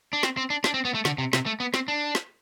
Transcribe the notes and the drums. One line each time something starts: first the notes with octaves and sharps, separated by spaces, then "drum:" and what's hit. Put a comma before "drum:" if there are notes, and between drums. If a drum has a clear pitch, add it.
D4
C4, drum: snare
C4
D4
D4, drum: snare
C4
B3
A3
D3, drum: snare
C3
C3, drum: snare
A3
B3
C4, drum: snare
D4
drum: snare